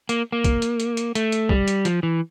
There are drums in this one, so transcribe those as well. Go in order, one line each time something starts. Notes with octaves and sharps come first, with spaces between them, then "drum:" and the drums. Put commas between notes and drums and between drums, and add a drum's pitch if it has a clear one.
A#3, drum: hi-hat
A#3
drum: kick, hi-hat
drum: hi-hat
drum: hi-hat
drum: hi-hat
A3, drum: hi-hat
drum: hi-hat
G3, drum: kick
drum: hi-hat
F3, drum: hi-hat
E3